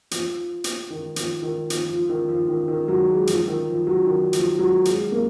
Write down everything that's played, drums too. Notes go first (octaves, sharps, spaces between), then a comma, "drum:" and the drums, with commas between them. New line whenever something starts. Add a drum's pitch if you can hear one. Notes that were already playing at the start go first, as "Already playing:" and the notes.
F3, drum: hi-hat
drum: hi-hat
D#3
F3, drum: hi-hat
D#3
F3, drum: hi-hat
F3
D#3
F3
D#3
D#3
F#3
G#3
F3, drum: hi-hat
D#3
F3
F#3
D#3
F3, drum: hi-hat
F#3
G#3, drum: hi-hat
A#3